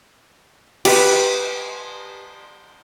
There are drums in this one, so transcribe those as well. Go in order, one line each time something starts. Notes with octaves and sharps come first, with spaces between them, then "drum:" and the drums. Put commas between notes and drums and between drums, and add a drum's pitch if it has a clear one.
G4 B4, drum: cymbal